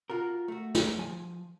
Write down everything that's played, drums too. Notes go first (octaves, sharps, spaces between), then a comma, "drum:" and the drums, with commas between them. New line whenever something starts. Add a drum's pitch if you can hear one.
F4 F#4 A#4
A3 F#4
drum: snare
F3 G#5